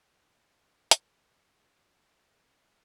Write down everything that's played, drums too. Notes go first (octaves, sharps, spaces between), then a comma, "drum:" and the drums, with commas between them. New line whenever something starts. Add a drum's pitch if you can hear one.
G3 A#3 D#4 F#4
A2 F#3
A2
A#2 B3 D4
C3
B2 D3
C#3 F#3 A3, drum: hi-hat
C3
C3 G3
C3
A#3 C#4 F#4
G#2
F#3
B3 D4
F3
A3 C4 D#4 F#4
G2 C3
F#2
F2 F3 A#3